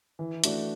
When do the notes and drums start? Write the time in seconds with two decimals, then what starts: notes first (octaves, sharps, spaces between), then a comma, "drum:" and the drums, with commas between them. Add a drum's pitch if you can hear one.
0.19 E3
0.44 A3 D4 F#4, drum: hi-hat